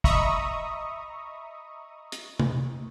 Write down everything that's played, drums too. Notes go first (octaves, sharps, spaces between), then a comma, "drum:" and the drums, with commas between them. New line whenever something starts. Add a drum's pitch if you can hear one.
D#5 E5 A#5 B5 C#6 D#6, drum: kick
drum: hi-hat
drum: tom C3